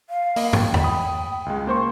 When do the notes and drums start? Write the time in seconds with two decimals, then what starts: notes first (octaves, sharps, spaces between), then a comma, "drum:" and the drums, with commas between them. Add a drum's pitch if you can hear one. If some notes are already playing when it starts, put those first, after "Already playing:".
0.10 F5
0.36 A#3 D#5, drum: open hi-hat
0.53 G5, drum: tom
0.74 drum: tom
0.83 B5 D#6
1.46 C#2 G#3
1.67 A#3 C5 C6 C#6